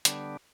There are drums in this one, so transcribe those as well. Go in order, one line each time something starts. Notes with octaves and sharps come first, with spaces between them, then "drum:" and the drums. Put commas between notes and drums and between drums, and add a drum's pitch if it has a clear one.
D3 G3 B3 D4, drum: hi-hat